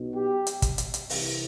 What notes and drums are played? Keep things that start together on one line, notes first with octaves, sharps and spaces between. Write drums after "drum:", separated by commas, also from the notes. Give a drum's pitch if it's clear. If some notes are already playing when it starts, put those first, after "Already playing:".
Already playing: B1 B2
G4
drum: hi-hat
drum: kick, hi-hat
drum: hi-hat
drum: hi-hat
C2 C3 E3, drum: open hi-hat